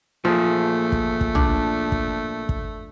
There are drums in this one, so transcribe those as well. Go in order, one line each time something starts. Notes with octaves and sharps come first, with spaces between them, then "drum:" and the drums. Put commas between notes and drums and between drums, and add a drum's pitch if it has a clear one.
A#2 F3 A3 G#4
drum: kick
drum: kick
D4, drum: tom A#1
drum: kick
drum: kick